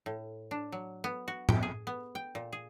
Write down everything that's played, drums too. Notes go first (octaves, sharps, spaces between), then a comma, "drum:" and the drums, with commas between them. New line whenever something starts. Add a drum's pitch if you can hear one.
A2
D4
F#3
B3
F#4
G5, drum: tom A2
G#4
B3
G5
A#2
G#4